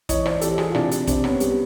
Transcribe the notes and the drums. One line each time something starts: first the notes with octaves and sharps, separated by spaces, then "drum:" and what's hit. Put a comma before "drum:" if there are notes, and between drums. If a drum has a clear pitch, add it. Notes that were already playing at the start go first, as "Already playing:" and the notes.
E3 C#5 D#5, drum: kick, hi-hat
C5 D5, drum: rim click
E3 G4 A4, drum: hi-hat
F#4 G#4, drum: rim click
F4
C3 D4 E4, drum: rim click
drum: hi-hat
C3 C4 D4, drum: kick, hi-hat
B3 C#4, drum: rim click
G3, drum: hi-hat